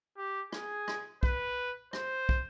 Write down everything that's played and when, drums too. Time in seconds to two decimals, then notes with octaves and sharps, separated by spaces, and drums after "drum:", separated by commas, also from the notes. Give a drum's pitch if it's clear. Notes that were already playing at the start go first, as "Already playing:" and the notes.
0.17 G4
0.52 G#4, drum: rim click
0.88 drum: rim click
1.23 B4, drum: kick
1.93 C5, drum: rim click
2.29 drum: kick